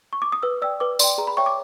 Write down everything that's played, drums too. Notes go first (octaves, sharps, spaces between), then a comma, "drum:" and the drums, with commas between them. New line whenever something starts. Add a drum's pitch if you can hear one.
C#6
D6
D#6
B4 E6
D5 G5 E6
B4 D6
D5 G5 C6, drum: tambourine
G#4 A#5
B5
C#5 E5 G5 C#6
D6